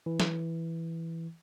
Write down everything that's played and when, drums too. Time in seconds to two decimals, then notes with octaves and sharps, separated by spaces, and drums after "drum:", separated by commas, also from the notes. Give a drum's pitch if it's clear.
0.06 E3
0.20 drum: snare